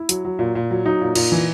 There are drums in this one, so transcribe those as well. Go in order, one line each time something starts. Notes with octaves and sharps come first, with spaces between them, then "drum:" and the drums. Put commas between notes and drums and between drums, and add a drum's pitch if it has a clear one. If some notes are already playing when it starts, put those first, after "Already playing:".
Already playing: E4
F#3, drum: hi-hat
F#3
A#2
A#2
F#3
F#3 D#4
A#2
A#2, drum: cymbal
E3